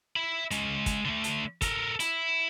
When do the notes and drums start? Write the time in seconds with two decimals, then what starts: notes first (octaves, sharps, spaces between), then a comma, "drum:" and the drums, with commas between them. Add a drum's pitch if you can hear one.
0.16 E5 B5
0.51 G#3 C#4, drum: hi-hat
0.86 drum: kick, hi-hat
1.05 D3 A3
1.24 drum: hi-hat
1.62 A4 A#4, drum: kick, hi-hat
2.00 E4, drum: hi-hat